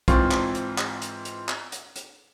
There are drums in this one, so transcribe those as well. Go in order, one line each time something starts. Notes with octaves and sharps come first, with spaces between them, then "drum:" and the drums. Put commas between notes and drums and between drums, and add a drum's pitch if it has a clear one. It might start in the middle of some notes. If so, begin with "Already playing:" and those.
G#2 E3 C4 F4 C#6, drum: kick, hi-hat
drum: clap
drum: hi-hat
drum: clap
drum: hi-hat
drum: hi-hat
drum: clap
drum: hi-hat
drum: hi-hat